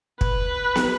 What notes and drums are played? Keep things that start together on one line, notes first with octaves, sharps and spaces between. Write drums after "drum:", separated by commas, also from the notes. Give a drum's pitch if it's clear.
B4, drum: kick
drum: snare